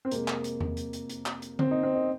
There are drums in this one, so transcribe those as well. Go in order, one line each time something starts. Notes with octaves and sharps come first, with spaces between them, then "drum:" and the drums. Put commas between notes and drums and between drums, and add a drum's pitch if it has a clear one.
C4
F2 C3 G#3 A#3, drum: hi-hat
drum: clap
drum: hi-hat
drum: tom E2
drum: hi-hat
drum: hi-hat
drum: hi-hat
drum: clap
drum: hi-hat
C4, drum: tom D3
D#4
C4
D#4